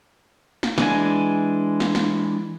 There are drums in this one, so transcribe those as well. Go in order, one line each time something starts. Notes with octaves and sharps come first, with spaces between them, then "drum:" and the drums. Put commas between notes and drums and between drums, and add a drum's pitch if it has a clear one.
drum: snare
E3 G#3 D4 G#5, drum: snare
drum: snare
drum: snare